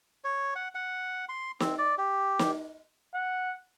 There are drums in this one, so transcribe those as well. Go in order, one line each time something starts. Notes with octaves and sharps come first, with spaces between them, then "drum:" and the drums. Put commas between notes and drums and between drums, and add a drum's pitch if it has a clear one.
C#5
F#5
F#5
C6
C4, drum: snare
D5
G4
drum: snare
F#5